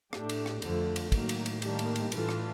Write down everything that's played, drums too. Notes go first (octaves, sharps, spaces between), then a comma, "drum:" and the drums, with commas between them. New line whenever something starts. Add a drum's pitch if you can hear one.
A2 A3 D4 G4, drum: rim click
drum: cymbal
drum: rim click
F2 D3 F3 A3, drum: cymbal
drum: cymbal
A2 D#3 F#3 A#3, drum: kick, cymbal
drum: cymbal
drum: cymbal
D#3 G3 A#3 D4 G4, drum: cymbal
drum: cymbal
drum: cymbal
A2 E3 A3 D4 F4, drum: cymbal
drum: rim click